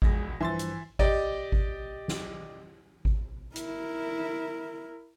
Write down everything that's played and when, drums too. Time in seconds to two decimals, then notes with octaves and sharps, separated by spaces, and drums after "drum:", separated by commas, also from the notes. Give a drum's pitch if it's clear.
0.02 E1 A#1 G#3 G#4 A#6, drum: kick G#1
0.40 G2 E3 F3 E5 C6 A6
0.59 drum: hi-hat
0.99 G4 D5 D#5, drum: kick G#1
1.52 drum: kick G#1
2.08 drum: snare
3.05 drum: kick G#1
3.56 E4 A#4, drum: hi-hat